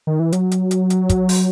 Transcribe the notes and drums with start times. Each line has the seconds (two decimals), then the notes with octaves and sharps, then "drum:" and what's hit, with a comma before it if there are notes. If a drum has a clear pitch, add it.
0.07 D#3
0.20 E3
0.32 F#3, drum: hi-hat
0.51 drum: hi-hat
0.71 drum: hi-hat
0.90 drum: hi-hat
1.09 drum: kick, hi-hat
1.29 drum: open hi-hat